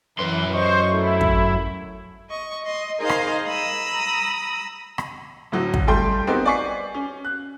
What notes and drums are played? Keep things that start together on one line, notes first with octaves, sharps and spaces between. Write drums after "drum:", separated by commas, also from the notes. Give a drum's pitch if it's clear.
F#2 E3 B4 C6
C5 D#5 C#6
A3 E4
drum: kick
D#5 C#6
D#5 C6
D#4 G#4 A#4 C5 D#5 F5
drum: rim click
A#5 B5 D#6 E6
drum: rim click
D2 A2 F#3
drum: kick
G3 A3 G5 C6 G6
B3 C4 D#4 F#4 G4 A#4
D5 G#5 C#6 B6 C7
C#4
F#6